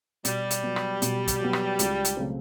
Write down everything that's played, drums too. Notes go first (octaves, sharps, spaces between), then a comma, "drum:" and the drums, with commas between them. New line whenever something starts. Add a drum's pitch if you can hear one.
B2 G3, drum: hi-hat
drum: hi-hat
F#3 B3
drum: rim click
B2, drum: hi-hat
drum: kick, hi-hat
F#3 B3
drum: rim click
C#2, drum: hi-hat
drum: hi-hat
C#3 F#3 A3 C4